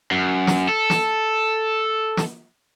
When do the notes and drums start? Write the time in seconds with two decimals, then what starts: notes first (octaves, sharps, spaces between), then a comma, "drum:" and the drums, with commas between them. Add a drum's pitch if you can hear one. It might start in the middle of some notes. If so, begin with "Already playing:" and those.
0.11 F#2
0.47 drum: snare
0.69 A4
0.90 drum: snare
2.17 drum: snare